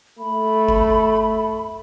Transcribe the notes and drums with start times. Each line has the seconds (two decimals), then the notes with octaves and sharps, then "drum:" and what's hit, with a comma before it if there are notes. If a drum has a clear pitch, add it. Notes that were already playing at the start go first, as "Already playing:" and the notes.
0.19 A3 B5
0.69 drum: kick G1